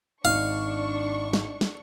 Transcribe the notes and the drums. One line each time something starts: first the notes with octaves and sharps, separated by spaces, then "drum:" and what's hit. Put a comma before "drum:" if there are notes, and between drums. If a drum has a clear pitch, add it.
G#1 D4 F5 C#6
drum: snare
drum: snare